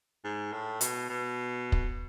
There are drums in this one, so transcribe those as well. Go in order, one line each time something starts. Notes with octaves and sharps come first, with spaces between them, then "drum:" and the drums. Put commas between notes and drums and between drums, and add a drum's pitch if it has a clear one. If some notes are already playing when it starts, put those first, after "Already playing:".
G#2
A2
B2, drum: hi-hat
B2
drum: kick